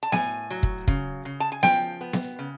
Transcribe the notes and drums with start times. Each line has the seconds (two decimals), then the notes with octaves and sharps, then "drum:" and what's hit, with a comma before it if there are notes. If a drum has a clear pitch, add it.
0.03 A5
0.12 A2 G#5, drum: snare B3
0.51 F#3
0.63 drum: kick
0.87 C#3, drum: kick
1.25 C#3
1.40 A5
1.52 G#5
1.63 F3 G5, drum: snare B3
2.01 B3
2.13 drum: snare B3
2.39 C#3